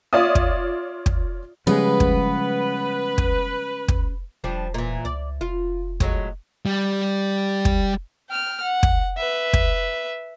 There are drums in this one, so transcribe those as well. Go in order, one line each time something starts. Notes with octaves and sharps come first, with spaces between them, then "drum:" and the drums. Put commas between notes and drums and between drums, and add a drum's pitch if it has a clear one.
F4 C#5 D5 E5 D#6
drum: kick
drum: kick
C#3 F3 G3 G#3 B3 B4
drum: kick
drum: kick
drum: kick
E1 F3 G3 D4
A#2 E3
C#2 D5
F1 F4
A2 F#3 G#3, drum: kick
G3
drum: kick
G5 F6
F#5
drum: kick
B4 E5
drum: kick